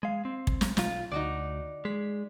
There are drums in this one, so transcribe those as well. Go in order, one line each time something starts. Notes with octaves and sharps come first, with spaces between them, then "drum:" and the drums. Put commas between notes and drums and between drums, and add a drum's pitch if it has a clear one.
G#3 F5
C4
drum: kick
drum: snare
B1 F4, drum: snare
D2 D#4 F#4 D5
G#3 B6